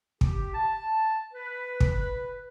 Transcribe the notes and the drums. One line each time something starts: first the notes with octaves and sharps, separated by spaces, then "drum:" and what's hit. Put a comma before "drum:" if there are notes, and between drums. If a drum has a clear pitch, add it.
G4, drum: kick
A5
B4
drum: kick